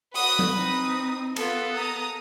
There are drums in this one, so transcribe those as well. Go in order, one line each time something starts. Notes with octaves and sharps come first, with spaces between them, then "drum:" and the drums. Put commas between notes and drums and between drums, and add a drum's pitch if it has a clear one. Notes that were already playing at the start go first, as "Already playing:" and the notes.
F#4 B4 D#6, drum: open hi-hat
drum: tom F#3
C4 D#4 D#6
B3 F4 A4, drum: cymbal
A#5 D#6